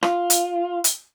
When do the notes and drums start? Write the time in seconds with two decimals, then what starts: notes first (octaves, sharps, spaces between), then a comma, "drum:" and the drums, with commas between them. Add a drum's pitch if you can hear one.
0.03 F4, drum: rim click
0.30 drum: hi-hat
0.84 drum: hi-hat